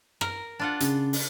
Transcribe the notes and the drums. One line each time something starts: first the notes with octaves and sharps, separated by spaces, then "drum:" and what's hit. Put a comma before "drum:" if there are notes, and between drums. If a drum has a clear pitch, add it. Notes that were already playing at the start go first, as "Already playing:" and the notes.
A#4, drum: rim click
D4 F4 F#5
C#3, drum: hi-hat
drum: open hi-hat